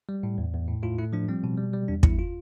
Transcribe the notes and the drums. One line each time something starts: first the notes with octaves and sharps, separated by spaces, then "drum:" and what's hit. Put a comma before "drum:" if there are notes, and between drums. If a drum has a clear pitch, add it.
G3
A2
E2
E2
A2
A2 F4
A3 E4
F3 D4
G3 C4
B2
G3
G3
E2 D4
E2 E4, drum: kick
F4